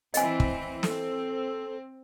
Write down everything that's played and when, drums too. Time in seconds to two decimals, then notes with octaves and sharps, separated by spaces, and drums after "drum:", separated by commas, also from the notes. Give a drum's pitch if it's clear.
0.14 E3 C4 D#5 G#5, drum: hi-hat
0.40 drum: kick
0.83 C4 A4, drum: snare